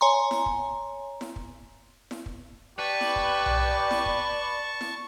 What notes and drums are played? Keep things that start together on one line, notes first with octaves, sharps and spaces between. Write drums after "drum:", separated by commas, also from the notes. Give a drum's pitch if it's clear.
C#5 G#5 A#5 C6
drum: snare E4
drum: kick
drum: snare E4
drum: kick
drum: snare E4
drum: kick
G4 B4 D5 A5 C#6
drum: snare E4
drum: kick
drum: tom B1
drum: snare E4
drum: kick
drum: snare E4